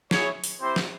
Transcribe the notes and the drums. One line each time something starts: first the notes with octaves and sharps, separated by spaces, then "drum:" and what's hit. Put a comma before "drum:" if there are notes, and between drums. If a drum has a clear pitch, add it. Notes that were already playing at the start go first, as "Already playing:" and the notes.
E4 G#4 C#5, drum: snare
drum: open hi-hat
C4 E4 G4 C5
drum: snare